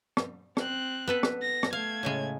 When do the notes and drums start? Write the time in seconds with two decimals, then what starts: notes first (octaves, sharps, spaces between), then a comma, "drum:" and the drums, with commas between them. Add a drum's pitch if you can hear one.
0.17 drum: rim click
0.57 C4 F#6, drum: rim click
1.08 B3 A4 B4
1.23 drum: rim click
1.42 A#6
1.63 drum: rim click
1.73 A3 F5 G#6
2.03 A2 C#3 G#3